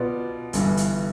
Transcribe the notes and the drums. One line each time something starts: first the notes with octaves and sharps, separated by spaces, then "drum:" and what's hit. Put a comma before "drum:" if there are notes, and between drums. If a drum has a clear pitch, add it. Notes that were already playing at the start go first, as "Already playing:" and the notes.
Already playing: B2 B3 F4 B4 D5
G1 G2 E3, drum: hi-hat
drum: hi-hat